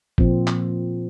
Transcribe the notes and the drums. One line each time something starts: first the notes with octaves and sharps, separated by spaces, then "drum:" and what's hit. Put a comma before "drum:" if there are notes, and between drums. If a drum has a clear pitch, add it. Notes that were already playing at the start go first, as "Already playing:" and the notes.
A#2 F3 C4, drum: kick G#1
drum: clap